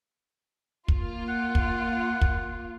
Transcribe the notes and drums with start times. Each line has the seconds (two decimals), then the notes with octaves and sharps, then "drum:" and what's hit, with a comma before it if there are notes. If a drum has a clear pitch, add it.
0.88 A#3 F4, drum: kick
1.29 F#5
1.55 drum: kick
2.21 drum: kick